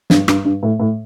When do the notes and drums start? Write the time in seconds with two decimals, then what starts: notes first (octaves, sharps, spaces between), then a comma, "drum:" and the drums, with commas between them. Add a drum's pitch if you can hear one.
0.10 G2, drum: snare
0.28 G2, drum: rim click
0.45 G2
0.63 A2
0.80 A2